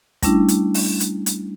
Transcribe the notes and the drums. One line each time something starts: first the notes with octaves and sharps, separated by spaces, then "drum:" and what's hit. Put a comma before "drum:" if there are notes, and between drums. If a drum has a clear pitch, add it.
G3 A3 C#4 D4 E4, drum: kick, hi-hat
drum: hi-hat
drum: open hi-hat
drum: hi-hat
drum: hi-hat